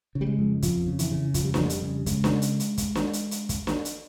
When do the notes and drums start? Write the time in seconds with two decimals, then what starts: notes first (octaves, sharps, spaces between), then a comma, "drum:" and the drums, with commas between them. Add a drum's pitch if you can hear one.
0.15 C#3
0.21 G3
0.27 G#3
0.38 F2
0.62 F2 F3, drum: kick, hi-hat
0.87 C#3
0.99 E3, drum: hi-hat
1.11 C#3
1.34 F2 F3, drum: kick, hi-hat
1.44 G3
1.54 F2 F3, drum: snare
1.65 G#3
1.70 G3, drum: hi-hat
1.82 C#3
2.06 C#3 G#3, drum: kick, hi-hat
2.24 drum: snare
2.42 drum: hi-hat
2.60 drum: hi-hat
2.78 drum: kick, hi-hat
2.95 drum: snare
3.13 drum: hi-hat
3.31 drum: hi-hat
3.49 drum: kick, hi-hat
3.67 drum: snare
3.85 drum: hi-hat